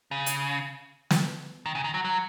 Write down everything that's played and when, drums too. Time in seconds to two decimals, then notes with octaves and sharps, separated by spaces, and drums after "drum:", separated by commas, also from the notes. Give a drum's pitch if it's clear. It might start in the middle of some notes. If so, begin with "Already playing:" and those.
0.11 C#3
0.26 drum: hi-hat
1.10 drum: snare
1.66 D#3
1.75 C#3
1.84 D#3
1.94 F#3
2.05 F#3